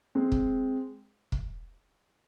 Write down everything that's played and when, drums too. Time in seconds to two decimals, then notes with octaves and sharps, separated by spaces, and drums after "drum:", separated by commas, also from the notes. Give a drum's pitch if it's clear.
0.15 G#3 C4
0.32 drum: kick
1.32 drum: kick